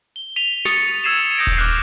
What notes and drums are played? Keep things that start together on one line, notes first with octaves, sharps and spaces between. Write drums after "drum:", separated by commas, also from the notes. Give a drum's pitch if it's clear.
G7
B6 D#7 F7 G7
C#6 D#6 A6 C#7, drum: snare
E6 G#6 C7 D#7 E7
D#6 G6 A6 A#6 D7
drum: kick D#1
D6 F6 F#6 C7